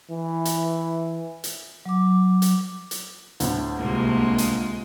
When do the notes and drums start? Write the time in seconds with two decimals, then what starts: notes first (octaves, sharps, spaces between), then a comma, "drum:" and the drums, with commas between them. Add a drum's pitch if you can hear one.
0.10 E3
0.45 drum: hi-hat
1.44 drum: hi-hat
1.86 F#3 D6
2.42 drum: hi-hat
2.91 drum: hi-hat
3.40 D2 A2, drum: hi-hat
3.78 C2 C3 G#3 A#3 F4
4.38 drum: hi-hat